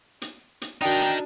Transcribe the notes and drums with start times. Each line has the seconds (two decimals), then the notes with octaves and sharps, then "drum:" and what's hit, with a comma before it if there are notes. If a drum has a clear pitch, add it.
0.22 drum: hi-hat
0.62 drum: hi-hat
0.81 D4 D#4 F#4 A#4 G5 D#6
1.01 drum: hi-hat